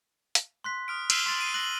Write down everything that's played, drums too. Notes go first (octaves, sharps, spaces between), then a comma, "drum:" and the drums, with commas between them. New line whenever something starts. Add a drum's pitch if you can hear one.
drum: hi-hat
C6 F#6 B6
D#6 F6 D7
E6 F6 G7, drum: cymbal
C6 A6 F#7
C7 D#7
F#6 A#6 F#7